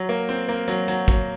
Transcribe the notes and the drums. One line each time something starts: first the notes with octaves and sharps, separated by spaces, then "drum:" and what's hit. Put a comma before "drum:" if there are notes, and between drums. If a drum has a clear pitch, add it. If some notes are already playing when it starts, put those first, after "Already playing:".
Already playing: F#3
A#3
C4
A#3
F#3, drum: hi-hat
F#3, drum: hi-hat
F#3, drum: kick, hi-hat